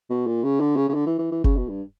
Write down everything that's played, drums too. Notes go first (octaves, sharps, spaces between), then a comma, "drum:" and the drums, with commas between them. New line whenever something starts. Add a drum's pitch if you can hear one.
B2
A#2
C#3
D3
C#3
C#3
D3
E3
E3
E3
C#3, drum: kick F#1
B2
G2